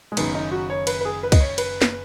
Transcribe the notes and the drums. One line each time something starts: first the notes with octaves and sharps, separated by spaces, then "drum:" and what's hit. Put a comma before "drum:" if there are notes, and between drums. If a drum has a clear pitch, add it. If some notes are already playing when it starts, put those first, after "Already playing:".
G#3
F#1 F#2 D#3 B3, drum: cymbal
D#4
F#4
C#5
B4, drum: cymbal
B4
G#4
B4
D#5, drum: kick C2, cymbal
C#5
B4, drum: cymbal
drum: snare